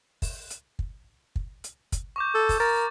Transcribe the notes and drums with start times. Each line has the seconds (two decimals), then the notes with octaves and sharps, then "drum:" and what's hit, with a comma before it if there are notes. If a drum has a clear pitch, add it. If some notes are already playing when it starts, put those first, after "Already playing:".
0.22 drum: kick, open hi-hat
0.50 drum: hi-hat
0.79 drum: kick
1.36 drum: kick
1.64 drum: hi-hat
1.92 drum: kick, hi-hat
2.16 C#6 D6 G6
2.35 A4
2.49 drum: kick, open hi-hat
2.60 A#4 A6